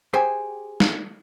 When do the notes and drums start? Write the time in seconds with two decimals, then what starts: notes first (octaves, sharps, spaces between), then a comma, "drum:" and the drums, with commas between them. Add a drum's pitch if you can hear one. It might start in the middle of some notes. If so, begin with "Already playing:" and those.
0.13 G4 G#4 C5 G5 G#5
0.80 drum: snare